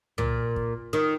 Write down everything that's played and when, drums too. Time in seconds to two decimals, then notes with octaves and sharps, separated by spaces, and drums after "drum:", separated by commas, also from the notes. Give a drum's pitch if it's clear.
0.18 A#2, drum: tom
0.56 drum: kick
0.93 D#3